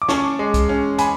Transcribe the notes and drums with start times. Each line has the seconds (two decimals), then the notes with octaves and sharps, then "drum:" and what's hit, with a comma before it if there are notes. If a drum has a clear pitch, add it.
0.02 D6
0.08 C#4 A5 C#6, drum: snare
0.39 G#3
0.54 drum: kick C2, hi-hat
0.69 C#4
0.98 G#5 B5, drum: hi-hat